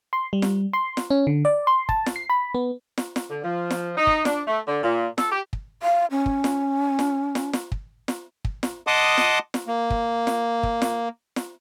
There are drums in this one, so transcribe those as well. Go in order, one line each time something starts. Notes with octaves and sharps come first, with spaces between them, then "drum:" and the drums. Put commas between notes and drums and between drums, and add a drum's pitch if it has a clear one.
C6
G3
drum: snare
C6
drum: snare
C#4
D3
D5
C6
A5, drum: kick
drum: snare
C7
B5
B3
drum: snare
drum: snare
D3
F3
drum: snare
D#4
drum: kick
D4, drum: snare
A3
D3
A#2
A4, drum: snare
G4
drum: kick
F5
C#4
drum: kick
drum: snare
drum: snare
drum: snare
drum: snare
drum: kick
drum: snare
drum: kick
drum: snare
D#5 F#5 A5 C6 D6 D#6
drum: snare
drum: snare
A#3
drum: kick
drum: snare
drum: kick
drum: snare
drum: snare